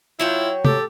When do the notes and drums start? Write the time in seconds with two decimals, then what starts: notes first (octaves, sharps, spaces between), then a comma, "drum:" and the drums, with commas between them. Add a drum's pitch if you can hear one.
0.19 F#3 E4 F4 C#5 G5
0.65 G4 A4, drum: tom